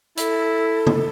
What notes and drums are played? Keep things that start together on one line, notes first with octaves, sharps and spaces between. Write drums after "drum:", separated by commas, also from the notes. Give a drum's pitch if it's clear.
E4 A4, drum: hi-hat
drum: tom C#3